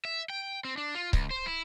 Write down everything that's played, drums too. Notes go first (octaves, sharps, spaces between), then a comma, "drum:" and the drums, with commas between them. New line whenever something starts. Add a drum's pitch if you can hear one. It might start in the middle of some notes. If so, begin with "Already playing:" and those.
E5
G5
C4
D4
F4
C#2, drum: kick C#1
C5
E4